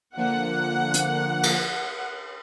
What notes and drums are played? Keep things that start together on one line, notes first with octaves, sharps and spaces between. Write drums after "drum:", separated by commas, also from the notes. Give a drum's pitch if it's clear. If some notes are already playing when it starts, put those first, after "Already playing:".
D3 F3 A#3 F#5
drum: hi-hat
drum: cymbal